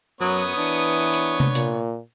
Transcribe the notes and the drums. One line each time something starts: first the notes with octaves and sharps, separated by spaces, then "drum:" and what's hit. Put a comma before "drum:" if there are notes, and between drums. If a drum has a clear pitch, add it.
F#2 F#3 B3 A#4 C#5 D#6
E3 D4
drum: hi-hat
drum: tom C3
A#2, drum: hi-hat